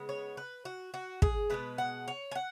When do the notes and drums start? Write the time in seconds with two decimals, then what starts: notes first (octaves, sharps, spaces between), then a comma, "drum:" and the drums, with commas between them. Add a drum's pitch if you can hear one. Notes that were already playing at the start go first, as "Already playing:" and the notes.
Already playing: C#3 G#3 B3
0.09 C#5
0.37 B4
0.65 F#4
0.94 F#4
1.22 G#4, drum: kick
1.50 B2 G#3 B3 B4
1.78 F#5
2.08 C#5
2.32 G#5
2.35 F#5